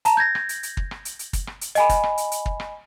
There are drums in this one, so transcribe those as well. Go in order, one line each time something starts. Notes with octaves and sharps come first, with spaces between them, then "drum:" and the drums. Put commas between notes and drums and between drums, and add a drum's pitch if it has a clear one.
A5 A#5, drum: hi-hat
G6 G#6 A#6
drum: rim click
drum: hi-hat
drum: hi-hat
drum: kick
drum: rim click
drum: hi-hat
drum: hi-hat
drum: kick, hi-hat
drum: rim click
drum: hi-hat
D#5 G#5 B5, drum: hi-hat
drum: kick, hi-hat
drum: rim click
drum: hi-hat
drum: hi-hat
drum: kick
drum: rim click